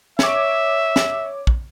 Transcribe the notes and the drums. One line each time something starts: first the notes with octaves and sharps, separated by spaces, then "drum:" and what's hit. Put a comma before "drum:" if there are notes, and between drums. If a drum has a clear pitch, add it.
C#5 E5 D6, drum: snare
drum: snare
drum: kick